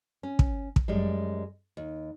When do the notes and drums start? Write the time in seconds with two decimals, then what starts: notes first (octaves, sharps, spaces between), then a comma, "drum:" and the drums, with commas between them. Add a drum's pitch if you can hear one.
0.23 C#4
0.39 drum: kick
0.76 drum: kick
0.88 F#2 G3 G#3
1.77 D#2